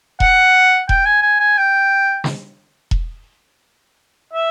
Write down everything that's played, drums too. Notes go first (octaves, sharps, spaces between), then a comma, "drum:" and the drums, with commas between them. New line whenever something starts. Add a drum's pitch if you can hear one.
F#5, drum: kick E1
G5, drum: kick E1
G#5
G#5
G#5
G5
drum: snare
drum: kick E1
E5